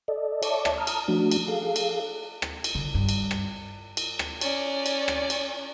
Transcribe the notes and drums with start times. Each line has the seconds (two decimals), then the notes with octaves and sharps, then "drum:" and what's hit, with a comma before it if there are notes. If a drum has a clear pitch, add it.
0.08 A4 D5 D#5
0.43 C#5 D5 E5 A5 C#6 D6, drum: cymbal
0.65 drum: rim click
0.78 A5 A#5 D#6 F6
0.87 drum: cymbal
1.08 F3 A3 D4 F#4
1.31 drum: cymbal
1.48 G#4 A4 F5
1.76 drum: cymbal
2.42 drum: rim click
2.64 drum: cymbal
2.75 D3
2.94 G2
3.09 drum: cymbal
3.31 drum: rim click
3.97 drum: cymbal
4.19 drum: rim click
4.41 C#4 D5, drum: cymbal
4.86 drum: cymbal
5.08 drum: rim click
5.30 drum: cymbal